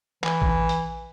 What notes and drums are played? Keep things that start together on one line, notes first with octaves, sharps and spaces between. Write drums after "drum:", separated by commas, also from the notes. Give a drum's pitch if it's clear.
E3, drum: clap
drum: kick A1
drum: hi-hat